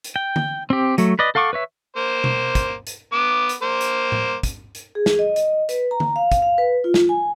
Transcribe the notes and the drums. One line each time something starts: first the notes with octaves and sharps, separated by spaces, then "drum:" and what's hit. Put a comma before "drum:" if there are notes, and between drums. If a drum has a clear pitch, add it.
drum: hi-hat
G5
drum: tom D3
C4 G4
F#3 A3, drum: hi-hat
B4 D5 D#5
A4 F5 F#5 C#6 D6
B4 C#5 E5
A#3 C5
drum: tom B2
drum: kick, hi-hat
drum: hi-hat
B3 D6
drum: hi-hat
A#3 C5
drum: hi-hat
drum: tom A2
drum: kick, hi-hat
drum: hi-hat
G#4
drum: snare
D#5
D#5, drum: hi-hat
B4, drum: hi-hat
A#5
drum: tom D3
F5
drum: kick, hi-hat
F5
B4
F4
drum: snare
G#5